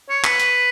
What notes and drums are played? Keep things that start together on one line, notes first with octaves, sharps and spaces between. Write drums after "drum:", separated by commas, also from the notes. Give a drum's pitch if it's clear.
C#5
B4, drum: clap
drum: hi-hat